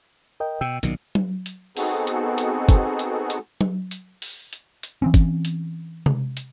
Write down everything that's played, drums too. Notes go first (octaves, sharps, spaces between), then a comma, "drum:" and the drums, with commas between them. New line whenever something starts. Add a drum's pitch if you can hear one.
A#4 D#5 G5
B2 G5 E6
B1 A#2 D#3, drum: hi-hat
drum: tom F#3
drum: hi-hat
B3 C4 D#4 F#4 G#4 A4, drum: open hi-hat
drum: hi-hat
drum: hi-hat
drum: kick, hi-hat
drum: hi-hat
drum: hi-hat
drum: tom F#3
drum: hi-hat
drum: open hi-hat
drum: hi-hat
drum: hi-hat
E3 C4 C#4
drum: kick, hi-hat
drum: hi-hat
drum: tom C3
drum: hi-hat